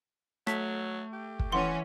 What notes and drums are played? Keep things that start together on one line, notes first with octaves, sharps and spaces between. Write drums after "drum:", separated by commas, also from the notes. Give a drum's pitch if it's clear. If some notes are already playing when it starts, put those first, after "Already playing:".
F#3 A3 A5 B6, drum: rim click
G4
drum: kick
E3 C#4 F#5 C6 G7